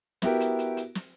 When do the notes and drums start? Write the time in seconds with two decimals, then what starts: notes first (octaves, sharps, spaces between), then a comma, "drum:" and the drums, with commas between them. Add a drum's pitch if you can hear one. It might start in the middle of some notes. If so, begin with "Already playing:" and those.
0.22 B3 E4 F#4 G4 A#4, drum: snare
0.40 drum: hi-hat
0.59 drum: hi-hat
0.77 drum: hi-hat
0.95 drum: snare